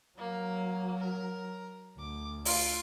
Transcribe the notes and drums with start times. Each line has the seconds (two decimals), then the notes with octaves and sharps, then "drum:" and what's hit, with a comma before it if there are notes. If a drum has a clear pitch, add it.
0.18 F#3 A#3 A#4
0.97 A#4
1.99 D2 D6
2.45 F4, drum: open hi-hat